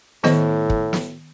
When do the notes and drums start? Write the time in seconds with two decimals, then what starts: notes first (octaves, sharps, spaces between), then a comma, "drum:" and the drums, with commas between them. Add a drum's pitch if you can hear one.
0.24 A2 D#3 B3 D#5, drum: snare
0.70 drum: kick
0.93 drum: snare